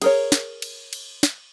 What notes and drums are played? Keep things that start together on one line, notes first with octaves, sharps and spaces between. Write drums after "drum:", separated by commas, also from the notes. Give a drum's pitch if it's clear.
G#4 A#4 C#5, drum: cymbal
drum: snare
drum: cymbal
drum: cymbal
drum: snare